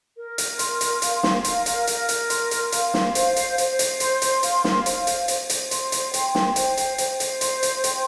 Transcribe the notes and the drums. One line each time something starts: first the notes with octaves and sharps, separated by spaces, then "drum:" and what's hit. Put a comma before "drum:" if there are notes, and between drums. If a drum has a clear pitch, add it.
A#4
drum: hi-hat
C6, drum: hi-hat
drum: hi-hat
F5, drum: hi-hat
drum: snare
A#4, drum: hi-hat
drum: hi-hat
A#4, drum: hi-hat
drum: hi-hat
C6, drum: hi-hat
drum: hi-hat
F5, drum: hi-hat
drum: snare
C5, drum: hi-hat
drum: hi-hat
C5, drum: hi-hat
drum: hi-hat
C6, drum: hi-hat
drum: hi-hat
F5, drum: hi-hat
drum: snare
C5, drum: hi-hat
drum: hi-hat
C5, drum: hi-hat
drum: hi-hat
C6, drum: hi-hat
drum: hi-hat
G5, drum: hi-hat
drum: snare
C5, drum: hi-hat
drum: hi-hat
C5, drum: hi-hat
drum: hi-hat
C6, drum: hi-hat
drum: hi-hat
G5, drum: hi-hat